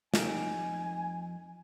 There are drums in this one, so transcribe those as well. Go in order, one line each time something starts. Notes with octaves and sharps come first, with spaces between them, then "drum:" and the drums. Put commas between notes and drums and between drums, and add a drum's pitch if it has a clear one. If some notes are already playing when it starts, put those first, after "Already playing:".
F2 D#4 G4 G#5, drum: snare